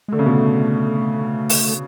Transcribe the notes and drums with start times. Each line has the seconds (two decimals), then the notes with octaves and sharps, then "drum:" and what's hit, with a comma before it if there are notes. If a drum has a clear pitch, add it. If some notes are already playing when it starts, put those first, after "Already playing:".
0.08 G#3
0.12 D3 A3
0.19 C#3
0.26 B2 D3
1.49 drum: open hi-hat